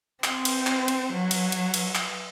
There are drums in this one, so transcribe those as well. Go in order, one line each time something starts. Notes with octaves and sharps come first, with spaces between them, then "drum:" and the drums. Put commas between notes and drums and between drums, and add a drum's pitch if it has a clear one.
C4, drum: clap
drum: cymbal
drum: clap
drum: cymbal
F#3
drum: cymbal
drum: cymbal
drum: cymbal
drum: clap